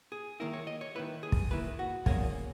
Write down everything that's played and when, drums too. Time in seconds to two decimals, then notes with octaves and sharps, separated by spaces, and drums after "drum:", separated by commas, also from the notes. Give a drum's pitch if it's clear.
0.12 G#4
0.40 D#3 A#3 E4 A#4
0.53 C#5
0.67 D#5
0.81 C#5
0.95 D#3 A#3 E4 B4
1.23 G#4
1.32 drum: kick
1.50 D#3 A#3 E4 B4
1.79 F#4
2.06 E2 C#3 F#3 A#3 G#4, drum: kick